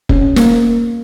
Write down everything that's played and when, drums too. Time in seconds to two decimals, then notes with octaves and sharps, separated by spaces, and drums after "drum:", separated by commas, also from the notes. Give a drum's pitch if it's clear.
0.09 C#4, drum: kick F1
0.36 A#3, drum: snare